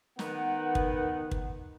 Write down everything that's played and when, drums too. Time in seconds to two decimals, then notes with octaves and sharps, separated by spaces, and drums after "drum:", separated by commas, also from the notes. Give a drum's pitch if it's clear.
0.19 D#3 B3 F#5, drum: snare
0.75 drum: kick
1.31 drum: kick